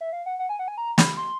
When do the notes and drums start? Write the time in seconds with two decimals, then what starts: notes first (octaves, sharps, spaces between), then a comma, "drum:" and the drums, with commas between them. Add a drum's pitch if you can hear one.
0.01 E5
0.13 F5
0.26 F#5
0.39 F#5
0.49 G#5
0.59 F#5
0.68 G#5
0.78 A#5
0.98 B5, drum: snare
1.17 C6